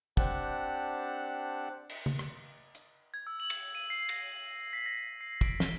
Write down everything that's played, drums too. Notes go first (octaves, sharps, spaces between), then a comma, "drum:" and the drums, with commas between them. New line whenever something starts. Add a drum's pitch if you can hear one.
C4 D4 G4 F#5 A5, drum: kick
drum: cymbal
drum: tom
drum: rim click
drum: hi-hat
G#6
E6
F#7
drum: cymbal
D#7
C7
A#6, drum: cymbal
F#7
B6
A#6
C7
D7, drum: kick
G7, drum: snare